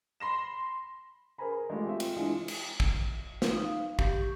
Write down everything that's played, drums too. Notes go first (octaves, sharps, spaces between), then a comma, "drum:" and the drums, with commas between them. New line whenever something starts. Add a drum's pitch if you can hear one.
B5 C6 A#6 E7
G#4 A#4 C5 G#5 A#5 B5
G#3 A3 F4 G4
C4 F4 E5
drum: cymbal
E3 G#3 D4 E4 F4 G#4
drum: cymbal
drum: kick
drum: snare
D#4
F5
G4, drum: kick
C#6